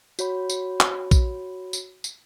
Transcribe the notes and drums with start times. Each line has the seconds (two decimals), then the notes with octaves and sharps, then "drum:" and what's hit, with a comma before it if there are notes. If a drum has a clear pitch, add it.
0.19 F#4 C#5 B5, drum: tambourine
0.50 drum: tambourine
0.80 drum: clap
1.11 drum: kick, tambourine
1.73 drum: tambourine
2.04 drum: tambourine